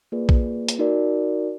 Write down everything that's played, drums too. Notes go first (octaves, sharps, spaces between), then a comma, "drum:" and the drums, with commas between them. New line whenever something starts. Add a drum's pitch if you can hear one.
A#3 F4 G#4 B4 D5
drum: kick A#1
drum: hi-hat
D#4 F#4 A#4 D5